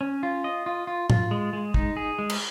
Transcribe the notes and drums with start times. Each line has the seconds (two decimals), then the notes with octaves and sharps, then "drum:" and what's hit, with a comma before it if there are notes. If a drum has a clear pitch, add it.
0.01 C#4
0.23 F4
0.44 D#5
0.66 F4
0.87 F4
1.10 F4, drum: tom
1.31 G#3
1.53 G#3
1.74 D#4, drum: kick
1.97 G#4
2.19 G#3
2.30 drum: cymbal